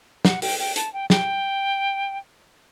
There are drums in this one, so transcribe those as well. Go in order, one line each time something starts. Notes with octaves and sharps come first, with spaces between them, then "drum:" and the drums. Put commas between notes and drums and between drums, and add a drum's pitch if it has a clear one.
F#5, drum: snare
G5, drum: open hi-hat
G5
A5, drum: hi-hat
G5
G5, drum: snare